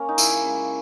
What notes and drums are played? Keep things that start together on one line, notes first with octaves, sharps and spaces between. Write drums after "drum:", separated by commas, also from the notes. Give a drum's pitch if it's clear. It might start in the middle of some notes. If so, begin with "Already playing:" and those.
Already playing: A#3 C#4 A#4
D#4
C#3 E4, drum: tambourine
G#3 C#4